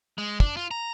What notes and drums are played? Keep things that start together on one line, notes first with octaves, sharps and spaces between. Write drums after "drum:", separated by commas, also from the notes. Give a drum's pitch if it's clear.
G#3
D4, drum: kick
F4
A#5